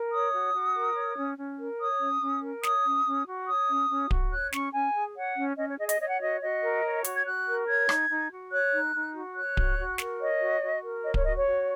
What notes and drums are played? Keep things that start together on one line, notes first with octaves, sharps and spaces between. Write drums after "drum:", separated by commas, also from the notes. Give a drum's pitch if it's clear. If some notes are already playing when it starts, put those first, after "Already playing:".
Already playing: A#4
C#5 D#6
F#4
F#4
A#4
C#5
C#4
C#4
A#4
C#5 D#6
C#4
C#4
A#4
C#5 D#6, drum: snare
C#4
C#4
F#4
C#5 D#6
C#4
C#4
F#4, drum: kick D1
C#5 F#6
C#4 C#6, drum: snare
C#4 G#5
G#4
C#5 F#5
C#4
C#4 D#5
C#5
G#4 D#5
D#5, drum: hi-hat
C#5 D#5
F#5
F#4 D#5
F#4 D#5
A#4
C#5
F#4, drum: hi-hat
G#6
F#4 F#6
A#4
C#5 G#6
D#4, drum: rim click
D#4
F#4
C#5 F#6
D#4
D#4
F#4
C#5 F#6
F#4, drum: kick D1
F#4
A#4, drum: snare
C#5 D#5
F#4
F#4
A#4
C#5 D#5
C#5, drum: kick D1
F#4 D#5
C#5
F#4